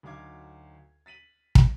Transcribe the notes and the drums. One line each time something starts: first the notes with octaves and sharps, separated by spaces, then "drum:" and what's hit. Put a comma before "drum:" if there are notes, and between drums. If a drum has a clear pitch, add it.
D2 F#3 D#4 F5 D6 G#6
A6 B6 D#7 F#7
drum: kick